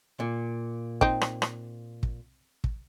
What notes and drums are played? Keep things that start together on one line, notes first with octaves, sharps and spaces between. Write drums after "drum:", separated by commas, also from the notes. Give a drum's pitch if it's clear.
A#2
C4 D#4, drum: kick
drum: rim click
drum: rim click
drum: kick
drum: kick